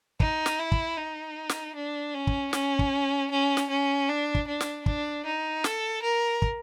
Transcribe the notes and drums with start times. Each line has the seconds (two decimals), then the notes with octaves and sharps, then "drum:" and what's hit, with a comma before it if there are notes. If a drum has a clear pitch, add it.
0.20 D#4, drum: kick
0.46 drum: snare
0.59 E4
0.72 drum: kick
0.97 D#4
1.49 drum: snare
1.75 D4
2.14 C#4
2.27 drum: kick
2.53 C#4, drum: snare
2.79 drum: kick
3.31 C#4
3.57 drum: snare
3.70 C#4
4.09 D4
4.35 drum: kick
4.48 D4
4.61 drum: snare
4.86 D4, drum: kick
5.25 D#4
5.64 A4, drum: snare
6.02 A#4
6.42 drum: kick